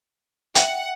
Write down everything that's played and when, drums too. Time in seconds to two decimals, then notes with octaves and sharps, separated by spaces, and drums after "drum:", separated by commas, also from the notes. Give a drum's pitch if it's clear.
0.55 E5 F#5 G5, drum: hi-hat